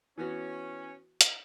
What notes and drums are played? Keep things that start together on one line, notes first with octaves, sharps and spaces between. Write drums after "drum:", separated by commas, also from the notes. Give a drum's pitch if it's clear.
E3 B3 C#4 F#4
drum: hi-hat